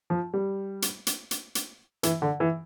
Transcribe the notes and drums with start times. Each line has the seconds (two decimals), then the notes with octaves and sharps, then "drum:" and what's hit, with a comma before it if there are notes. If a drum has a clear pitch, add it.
0.10 F3
0.34 G3
0.82 drum: hi-hat
1.07 drum: hi-hat
1.31 drum: hi-hat
1.55 drum: hi-hat
2.03 E3, drum: hi-hat
2.22 D3
2.40 E3